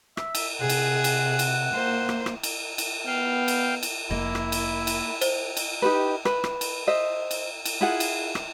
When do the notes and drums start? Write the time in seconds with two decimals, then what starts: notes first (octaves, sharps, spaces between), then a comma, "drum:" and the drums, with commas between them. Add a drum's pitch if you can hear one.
0.17 E5, drum: rim click
0.35 drum: cymbal
0.60 C3 G#4 F#5
0.69 drum: cymbal
1.04 drum: cymbal
1.39 drum: cymbal
1.74 A#3 C5
2.09 drum: rim click
2.26 drum: rim click
2.43 drum: cymbal
2.78 drum: cymbal
3.07 B3 F5 G5
3.48 drum: cymbal
3.83 drum: cymbal
4.10 F1 A#3 E4 D#5
4.35 drum: rim click
4.52 drum: cymbal
4.87 drum: cymbal
5.21 C5, drum: cymbal
5.57 drum: cymbal
5.82 D#4 G4 B4
6.25 B4, drum: rim click
6.44 drum: rim click
6.61 drum: cymbal
6.87 C5 D#5 E5
7.31 drum: cymbal
7.65 drum: cymbal
7.81 E4 F4 G#4 F#5
8.00 drum: cymbal
8.35 drum: rim click